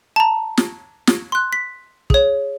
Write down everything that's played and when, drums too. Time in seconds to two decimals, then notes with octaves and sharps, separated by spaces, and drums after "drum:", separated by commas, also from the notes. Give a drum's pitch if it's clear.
0.16 A5 A#5
0.57 drum: snare
1.07 drum: snare
1.32 C6 F#6
1.53 B6
2.10 G#4 C#5, drum: kick